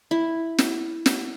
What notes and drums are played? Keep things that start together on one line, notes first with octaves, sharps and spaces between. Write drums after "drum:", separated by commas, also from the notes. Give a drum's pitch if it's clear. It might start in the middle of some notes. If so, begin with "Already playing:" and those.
E4
drum: snare
drum: snare